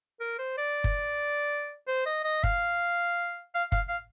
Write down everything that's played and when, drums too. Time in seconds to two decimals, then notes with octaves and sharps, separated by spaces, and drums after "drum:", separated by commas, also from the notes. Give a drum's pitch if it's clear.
0.20 A#4
0.39 C5
0.58 D5
0.84 drum: kick F#1
1.88 C5
2.06 D#5
2.24 D#5
2.44 F5, drum: kick F#1
3.55 F5
3.72 F5, drum: kick F#1
3.89 F5